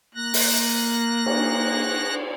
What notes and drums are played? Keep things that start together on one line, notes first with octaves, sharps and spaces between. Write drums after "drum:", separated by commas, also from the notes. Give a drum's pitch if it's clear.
A#3 F#6 A#6
drum: open hi-hat
drum: cymbal